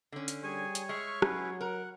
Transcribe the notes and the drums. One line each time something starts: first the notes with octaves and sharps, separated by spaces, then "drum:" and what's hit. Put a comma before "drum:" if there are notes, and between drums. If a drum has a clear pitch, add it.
D3 C#4
drum: hi-hat
G3 G#4 C#5 G#5
drum: hi-hat
G#3 E5 C#6 F6
F#3 C#4 E4 B4, drum: rim click
A#4 F#5